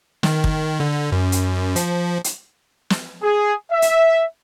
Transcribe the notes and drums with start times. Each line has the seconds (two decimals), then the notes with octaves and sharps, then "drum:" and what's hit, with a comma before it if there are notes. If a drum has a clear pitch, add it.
0.23 D#3, drum: snare
0.44 drum: kick
0.80 D3
1.12 F#2
1.32 drum: hi-hat
1.76 F3, drum: hi-hat
2.24 drum: hi-hat
2.90 drum: snare
3.22 G#4
3.71 E5
3.82 drum: hi-hat